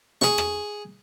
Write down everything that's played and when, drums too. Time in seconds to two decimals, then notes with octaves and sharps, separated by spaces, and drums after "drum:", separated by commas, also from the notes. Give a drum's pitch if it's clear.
0.21 G#4 C#6, drum: snare
0.38 drum: rim click